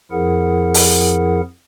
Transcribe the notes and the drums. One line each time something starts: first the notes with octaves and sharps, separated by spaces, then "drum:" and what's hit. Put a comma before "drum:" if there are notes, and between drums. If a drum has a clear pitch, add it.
F2 F3 E4 G#4 A#4 F#5
drum: open hi-hat